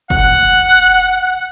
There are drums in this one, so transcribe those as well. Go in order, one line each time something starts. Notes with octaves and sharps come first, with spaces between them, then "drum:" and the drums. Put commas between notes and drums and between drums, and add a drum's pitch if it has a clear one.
F#5, drum: kick F#1